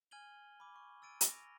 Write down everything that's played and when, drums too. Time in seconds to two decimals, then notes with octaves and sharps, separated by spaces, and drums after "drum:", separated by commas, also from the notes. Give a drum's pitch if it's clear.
0.11 G#5 F6 G#6 D#7 F#7 G7
0.60 B5 D6
0.76 C#6
1.02 E6 A6 D7 D#7
1.21 A#6 F7, drum: hi-hat